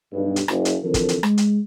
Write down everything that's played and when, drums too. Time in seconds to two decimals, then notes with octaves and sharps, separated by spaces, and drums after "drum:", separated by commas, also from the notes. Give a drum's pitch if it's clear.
0.13 B1 G2
0.36 drum: hi-hat
0.48 F#1, drum: rim click
0.65 drum: hi-hat
0.83 D3 E3 F3 C4 A4 A#4
0.94 drum: kick, hi-hat
1.09 drum: hi-hat
1.23 G#3, drum: rim click
1.38 drum: hi-hat